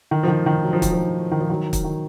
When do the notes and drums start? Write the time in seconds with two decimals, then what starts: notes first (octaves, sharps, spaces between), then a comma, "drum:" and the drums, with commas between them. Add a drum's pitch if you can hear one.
0.11 D#3
0.23 F3
0.28 D#3
0.46 D#3
0.63 F#3
0.73 F3
0.82 D#3, drum: kick, hi-hat
0.92 F3
1.32 D#3
1.41 F3
1.50 D#3 F#3
1.73 drum: kick, hi-hat
1.84 D#3